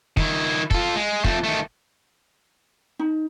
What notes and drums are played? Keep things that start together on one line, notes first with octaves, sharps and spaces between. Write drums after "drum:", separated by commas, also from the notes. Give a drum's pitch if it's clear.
D#3 E4, drum: kick
F4 A4, drum: kick
G#3
F2 A3, drum: kick
D#3 A3
D#4